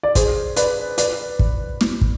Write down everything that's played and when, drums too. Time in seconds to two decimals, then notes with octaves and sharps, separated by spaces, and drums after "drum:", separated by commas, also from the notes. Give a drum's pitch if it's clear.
0.03 D5
0.15 G#4 C5, drum: kick, hi-hat
0.56 B4 D5, drum: hi-hat
0.98 B4 D5, drum: hi-hat
1.39 drum: kick
1.81 drum: snare
2.01 drum: kick